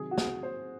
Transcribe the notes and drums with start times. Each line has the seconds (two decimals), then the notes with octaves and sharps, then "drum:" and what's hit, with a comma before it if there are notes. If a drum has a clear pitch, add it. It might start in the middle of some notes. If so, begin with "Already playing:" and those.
Already playing: C3 D#3 F#3 G#4
0.11 F#4
0.18 G#4, drum: snare
0.43 C5